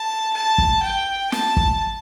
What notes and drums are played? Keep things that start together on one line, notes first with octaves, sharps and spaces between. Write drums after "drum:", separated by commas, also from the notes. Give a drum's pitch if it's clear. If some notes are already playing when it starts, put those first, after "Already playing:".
Already playing: A5
A5
drum: kick
G5
A5, drum: snare
drum: kick